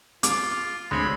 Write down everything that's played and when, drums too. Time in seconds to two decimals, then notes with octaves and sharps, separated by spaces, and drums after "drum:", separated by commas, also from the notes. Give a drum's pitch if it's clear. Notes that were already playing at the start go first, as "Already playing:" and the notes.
0.23 F4 D6, drum: hi-hat
0.91 D2 G#3 C4 C#5 B5 C6